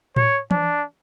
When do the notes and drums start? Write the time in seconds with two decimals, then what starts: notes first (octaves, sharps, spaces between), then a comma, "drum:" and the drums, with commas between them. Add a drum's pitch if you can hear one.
0.16 C#5, drum: tom A2
0.51 D4, drum: tom E3